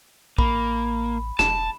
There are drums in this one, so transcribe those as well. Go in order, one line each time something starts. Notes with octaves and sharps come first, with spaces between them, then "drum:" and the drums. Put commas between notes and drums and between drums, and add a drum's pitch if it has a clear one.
A1 A#3 B5, drum: kick
E1 A5 E7, drum: snare